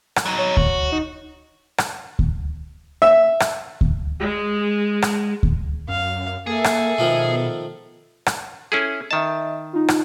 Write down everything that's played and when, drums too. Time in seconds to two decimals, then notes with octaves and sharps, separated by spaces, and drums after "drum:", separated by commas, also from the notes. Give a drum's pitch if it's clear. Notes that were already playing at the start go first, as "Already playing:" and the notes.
0.16 drum: rim click
0.26 F#3 D#4
0.39 C#5
0.57 F#4, drum: kick D2
0.92 D#4
1.78 drum: rim click
2.19 drum: kick D2
3.02 E5
3.40 drum: rim click
3.81 drum: kick D2
4.21 G#3
5.02 drum: rim click
5.43 drum: kick D2
5.88 F#2 F5
6.47 A#3 G#4 A4 E5
6.64 drum: rim click
6.98 B2 D#3 F3 A3
8.26 drum: rim click
8.72 C#4 E4 G#4 A4
9.11 D#3 D#5 E5 A5
9.73 D#4 F4
9.88 drum: rim click